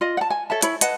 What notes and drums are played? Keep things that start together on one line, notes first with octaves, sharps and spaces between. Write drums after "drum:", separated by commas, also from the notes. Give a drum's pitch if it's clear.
F4 D#5
F#5 A5
G#5
A4 C#5 E5 A5
E4 C#5 B5, drum: hi-hat
B4 D#5 F#5 A5, drum: hi-hat